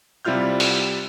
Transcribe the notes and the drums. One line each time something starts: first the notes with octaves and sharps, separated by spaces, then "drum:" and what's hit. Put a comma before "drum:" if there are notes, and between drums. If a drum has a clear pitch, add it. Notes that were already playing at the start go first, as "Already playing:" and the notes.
C3 G3 E4 F4 F6 G6
drum: open hi-hat